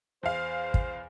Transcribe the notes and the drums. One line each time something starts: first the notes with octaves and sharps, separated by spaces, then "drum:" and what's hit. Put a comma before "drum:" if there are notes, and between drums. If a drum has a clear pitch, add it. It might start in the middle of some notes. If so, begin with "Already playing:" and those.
E2 C5 F5
drum: kick